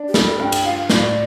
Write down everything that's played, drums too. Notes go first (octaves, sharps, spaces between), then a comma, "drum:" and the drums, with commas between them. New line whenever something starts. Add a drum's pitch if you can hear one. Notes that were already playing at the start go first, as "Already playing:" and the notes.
Already playing: D4
G4
G3 A4, drum: snare
G2 G5
drum: cymbal
F4 F5
A2 D5, drum: snare